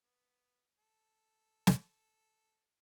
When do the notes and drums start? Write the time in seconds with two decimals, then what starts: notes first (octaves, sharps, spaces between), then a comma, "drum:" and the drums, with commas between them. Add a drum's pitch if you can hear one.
0.03 B3
0.79 A4
1.67 drum: snare